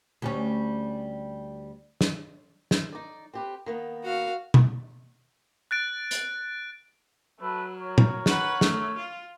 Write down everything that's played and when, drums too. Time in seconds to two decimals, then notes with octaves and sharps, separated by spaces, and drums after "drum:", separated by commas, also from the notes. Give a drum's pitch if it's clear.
0.22 D2 G3 C#4
2.01 drum: snare
2.71 drum: snare
2.93 D#4 D5
3.34 C4 G4 B4
3.66 D#3 A#3 B3
4.04 F#4 F5
4.54 drum: tom B2
5.71 F#6 A6 D7
6.11 drum: hi-hat
7.40 F#3 A3 A4 B4
7.75 A#4 C#5
7.98 drum: tom
8.26 B4 F#5, drum: snare
8.61 A3, drum: snare
8.97 F4